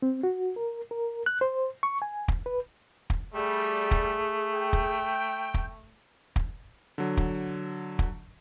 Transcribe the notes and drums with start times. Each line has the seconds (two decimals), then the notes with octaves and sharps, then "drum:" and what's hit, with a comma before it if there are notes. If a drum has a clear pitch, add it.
0.02 C4
0.23 F#4
0.56 A#4
0.91 A#4
1.26 F#6
1.41 C5
1.83 C#6
2.02 G#5
2.28 drum: kick
2.46 B4
3.10 drum: kick
3.34 G3 A3 G#4
3.91 drum: kick
4.53 G5
4.73 drum: kick
5.54 drum: kick
6.36 drum: kick
6.98 D3 F#3
7.17 drum: kick
7.99 drum: kick